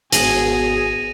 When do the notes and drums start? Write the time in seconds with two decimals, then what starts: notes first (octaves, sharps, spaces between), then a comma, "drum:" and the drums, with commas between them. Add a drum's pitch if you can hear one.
0.12 G#1 B2 G#4 A#6 D#7 F7, drum: hi-hat